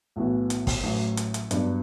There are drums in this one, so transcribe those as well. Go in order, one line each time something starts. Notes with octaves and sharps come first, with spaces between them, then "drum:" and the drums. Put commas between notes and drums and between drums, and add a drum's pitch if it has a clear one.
B1 A2 E3 B3 F#4
drum: hi-hat
drum: kick, open hi-hat
A1 A2 F#3
drum: hi-hat
drum: hi-hat
G2 F#3 B3 D4, drum: hi-hat